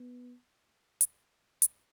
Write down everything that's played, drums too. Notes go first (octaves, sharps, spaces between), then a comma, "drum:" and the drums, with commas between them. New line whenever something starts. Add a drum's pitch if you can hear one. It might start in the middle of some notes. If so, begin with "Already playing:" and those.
Already playing: B3
drum: hi-hat
drum: hi-hat